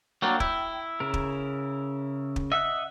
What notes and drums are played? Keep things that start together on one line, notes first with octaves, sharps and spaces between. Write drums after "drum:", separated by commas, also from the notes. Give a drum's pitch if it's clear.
F#3 A#3 D4 G5
E4, drum: kick
C#3 A#4
drum: kick
drum: kick
D#5 E5 F#5 F#6